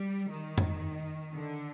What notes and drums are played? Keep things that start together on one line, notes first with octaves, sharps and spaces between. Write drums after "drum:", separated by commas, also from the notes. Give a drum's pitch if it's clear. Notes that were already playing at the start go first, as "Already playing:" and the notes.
Already playing: G3
D#3
drum: tom F2
D3